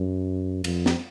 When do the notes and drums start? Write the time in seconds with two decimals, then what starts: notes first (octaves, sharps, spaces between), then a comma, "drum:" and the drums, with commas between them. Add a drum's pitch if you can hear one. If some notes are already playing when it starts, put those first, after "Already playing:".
Already playing: F#2
0.64 F2, drum: cymbal
0.86 drum: snare